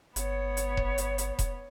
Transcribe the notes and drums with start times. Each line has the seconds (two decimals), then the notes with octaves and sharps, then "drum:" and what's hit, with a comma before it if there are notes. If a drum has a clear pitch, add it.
0.16 G1 B3 C#5, drum: hi-hat
0.57 drum: hi-hat
0.77 drum: kick E1
0.98 drum: hi-hat
1.18 drum: hi-hat
1.39 drum: kick E1, hi-hat